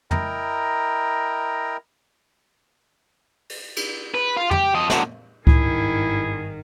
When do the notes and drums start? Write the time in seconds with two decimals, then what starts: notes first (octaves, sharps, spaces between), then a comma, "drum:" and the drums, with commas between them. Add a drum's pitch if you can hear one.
0.11 E4 A#4 D#5 G5 A#5, drum: tom
3.49 drum: open hi-hat
3.76 drum: cymbal
4.15 B4
4.37 F4
4.51 G4, drum: tom
4.75 F3 D#5
4.90 D3 F#3, drum: snare
5.47 G#1 G2 D#3 E4 G#4, drum: kick C#2